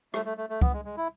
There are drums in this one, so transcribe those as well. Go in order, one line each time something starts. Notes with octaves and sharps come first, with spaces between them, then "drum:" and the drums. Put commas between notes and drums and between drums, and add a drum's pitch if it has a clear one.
A3, drum: rim click
A3
A3
A3
B3, drum: kick
G#3
G#3
E4